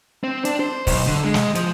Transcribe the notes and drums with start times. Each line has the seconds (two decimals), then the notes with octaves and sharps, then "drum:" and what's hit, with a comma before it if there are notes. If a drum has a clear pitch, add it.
0.24 C4
0.45 D4, drum: hi-hat
0.60 C5
0.87 B1, drum: kick, open hi-hat
1.07 D3
1.24 G#3
1.34 drum: snare
1.55 F3, drum: hi-hat